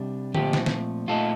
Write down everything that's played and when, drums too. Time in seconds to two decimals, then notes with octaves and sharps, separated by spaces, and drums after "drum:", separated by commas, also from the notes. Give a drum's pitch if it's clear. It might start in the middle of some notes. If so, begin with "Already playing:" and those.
Already playing: C3 G3 D4
0.35 A#2 F3 A3 C4 G4, drum: tom D3
0.53 drum: snare
0.66 drum: snare
1.08 A#2 A3 D#4 F4 A4